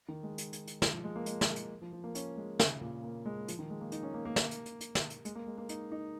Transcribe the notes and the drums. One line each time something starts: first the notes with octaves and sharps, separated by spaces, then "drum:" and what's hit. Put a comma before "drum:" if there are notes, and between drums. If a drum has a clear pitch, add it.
D#3
G#3
drum: hi-hat
drum: hi-hat
drum: hi-hat
G#3, drum: snare
F3
G#3
A#3
G#3, drum: hi-hat
drum: snare
drum: hi-hat
F3
F3
A#3
C#4, drum: hi-hat
G#3
C#3, drum: snare
A#2
A#3
G#3
F3, drum: hi-hat
D#3
G#3
A#3
D#4, drum: hi-hat
C#4
A#3
A#3
drum: snare
drum: hi-hat
drum: hi-hat
drum: hi-hat
drum: snare
drum: hi-hat
G#3, drum: hi-hat
A#3
G#3
A#3
D#4, drum: hi-hat
D#4